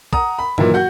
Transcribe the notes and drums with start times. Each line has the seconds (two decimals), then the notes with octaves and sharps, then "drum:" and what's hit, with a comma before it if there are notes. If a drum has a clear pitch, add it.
0.13 F#5 A#5 D#6, drum: kick
0.39 B5
0.58 A#2 D#3 E3 F#3 E4, drum: tom G2
0.74 F#4 F#5 G6